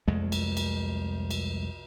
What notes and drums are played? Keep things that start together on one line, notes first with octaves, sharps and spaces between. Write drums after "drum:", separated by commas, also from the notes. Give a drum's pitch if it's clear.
C2 F2 G#3 A3
drum: cymbal
drum: cymbal
drum: cymbal